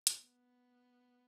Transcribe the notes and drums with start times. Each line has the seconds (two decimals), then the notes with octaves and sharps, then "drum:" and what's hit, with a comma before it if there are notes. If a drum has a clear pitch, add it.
0.07 drum: hi-hat
0.19 B3